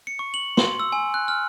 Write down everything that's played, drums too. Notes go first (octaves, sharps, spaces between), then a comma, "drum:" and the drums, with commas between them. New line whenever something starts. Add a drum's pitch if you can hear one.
C#7
C#6
F#7
C6, drum: snare
E6
G#5
F#6
F6